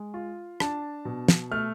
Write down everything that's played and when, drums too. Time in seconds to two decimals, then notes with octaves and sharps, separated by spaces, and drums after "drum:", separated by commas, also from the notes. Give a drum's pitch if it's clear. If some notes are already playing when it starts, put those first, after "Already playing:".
Already playing: G#3
0.14 F4
0.60 D4 A5, drum: rim click
1.05 B2
1.28 drum: snare
1.51 A3 F6